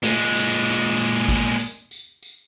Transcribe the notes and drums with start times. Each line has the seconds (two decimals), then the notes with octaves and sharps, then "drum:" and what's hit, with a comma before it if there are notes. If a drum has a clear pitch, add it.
0.03 A#2 G#3, drum: snare
0.34 drum: tambourine
0.66 drum: tambourine
0.97 drum: tambourine
1.28 drum: kick, tambourine
1.60 drum: tambourine
1.91 drum: tambourine
2.23 drum: tambourine